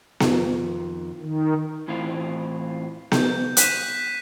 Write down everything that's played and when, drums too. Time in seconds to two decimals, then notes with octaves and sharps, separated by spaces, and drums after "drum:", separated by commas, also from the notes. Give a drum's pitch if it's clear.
0.20 F2 D#3 F4, drum: snare B3
1.19 D#3
1.88 A2 E3 C4 F4
3.12 G6, drum: snare B3
3.57 F#6 B6 D#7 E7, drum: hi-hat